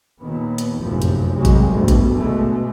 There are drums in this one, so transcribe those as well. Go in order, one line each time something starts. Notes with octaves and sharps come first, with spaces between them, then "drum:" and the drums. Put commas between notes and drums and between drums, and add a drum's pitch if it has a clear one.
D#2 A#2 D#3 B3
drum: hi-hat
F1 A#1 F#2 A2 F3
drum: hi-hat
C2 F#3 G#3
drum: kick G#1, hi-hat
D2 G2 B2
drum: kick G#1, hi-hat
B2 D3 G#3 A3